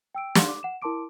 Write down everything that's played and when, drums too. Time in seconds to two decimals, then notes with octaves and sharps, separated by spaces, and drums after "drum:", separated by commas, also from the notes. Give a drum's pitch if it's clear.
0.15 G5 E6 D7
0.35 D#4 G4 F5 C6, drum: snare
0.49 D6
0.63 F#5 E7
0.82 E4 A#4 A5 C6 D6 D7